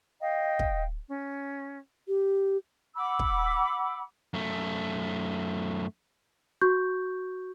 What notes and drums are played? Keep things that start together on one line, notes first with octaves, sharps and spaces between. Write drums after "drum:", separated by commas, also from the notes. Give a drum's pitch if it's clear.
D#5 F5 G5
drum: kick
C#4
G4
F#5 B5 D6 E6
drum: kick
F#2 A3
F#4 C#6 G6